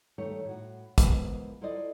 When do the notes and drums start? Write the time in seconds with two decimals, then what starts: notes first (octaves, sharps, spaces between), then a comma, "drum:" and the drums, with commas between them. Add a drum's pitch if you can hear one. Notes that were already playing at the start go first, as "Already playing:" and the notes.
0.18 D#3 G3 A3 A4 C#5
0.45 A2 F#4
0.98 E3 F3 G#3 B3 A#4 C5, drum: kick, hi-hat
1.61 E4 F4 A4 C5 D5 D#5